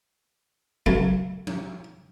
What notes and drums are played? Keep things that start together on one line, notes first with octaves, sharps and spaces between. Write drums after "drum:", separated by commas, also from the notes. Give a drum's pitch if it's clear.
B1 C#3 F#3 A3, drum: kick
drum: tom F3